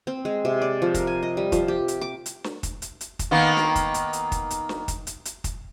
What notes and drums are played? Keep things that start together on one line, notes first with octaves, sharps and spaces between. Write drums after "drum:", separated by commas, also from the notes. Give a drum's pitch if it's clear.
C4
G#3
C3
D5
F3
A#4, drum: kick, hi-hat
G#5
D#5
G3
F3, drum: kick, hi-hat
G4
drum: hi-hat
D6
drum: hi-hat
drum: snare
drum: kick, hi-hat
drum: hi-hat
drum: hi-hat
drum: kick, hi-hat
D#3 A#3 B3
drum: snare
drum: kick, hi-hat
drum: hi-hat
drum: hi-hat
drum: kick, hi-hat
drum: hi-hat
drum: snare
drum: kick, hi-hat
drum: hi-hat
drum: hi-hat
drum: kick, hi-hat